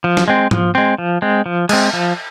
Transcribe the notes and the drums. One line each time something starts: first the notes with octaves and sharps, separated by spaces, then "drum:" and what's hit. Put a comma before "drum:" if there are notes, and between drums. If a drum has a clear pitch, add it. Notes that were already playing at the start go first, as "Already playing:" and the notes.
F3
drum: snare
G#3 C4
F3, drum: tom G#2
G#3 C4
F3
G#3 C4
F3
G#3 C4, drum: cymbal
F3